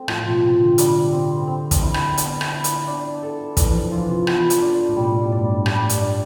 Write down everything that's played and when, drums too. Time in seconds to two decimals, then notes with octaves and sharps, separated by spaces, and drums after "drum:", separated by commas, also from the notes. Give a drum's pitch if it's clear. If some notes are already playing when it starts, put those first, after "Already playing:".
Already playing: A3 C4
0.08 A2 F3, drum: rim click
0.26 B2
0.43 C3 C4
0.61 D3
0.78 D3 G3, drum: hi-hat
1.12 C4
1.47 C4
1.71 drum: kick, hi-hat
1.83 E4
1.94 drum: rim click
2.17 B3, drum: hi-hat
2.41 drum: rim click
2.52 E4
2.64 drum: hi-hat
2.87 D4
3.23 A4
3.57 E3 D4, drum: kick, hi-hat
3.75 F3
3.91 E3 F4
4.09 C3
4.27 B3, drum: rim click
4.50 drum: hi-hat
4.61 D4
4.89 A2
4.96 B2 G3
5.14 A2
5.32 G2 D4
5.49 G2
5.66 A2 G3, drum: rim click
5.89 G2, drum: hi-hat
6.01 D4